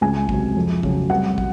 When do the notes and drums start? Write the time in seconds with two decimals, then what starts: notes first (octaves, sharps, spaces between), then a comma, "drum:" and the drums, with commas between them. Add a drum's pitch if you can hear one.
0.01 C#2 G#5
0.29 C3 F#3, drum: kick
0.56 F2
0.83 C#3 F#3, drum: kick
1.10 C2 F#5
1.38 F#3, drum: kick